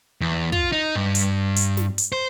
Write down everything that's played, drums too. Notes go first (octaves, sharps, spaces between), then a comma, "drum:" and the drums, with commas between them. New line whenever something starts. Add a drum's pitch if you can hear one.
E2
F4, drum: kick
D#4
G2
drum: hi-hat
drum: hi-hat
drum: snare
drum: hi-hat
C5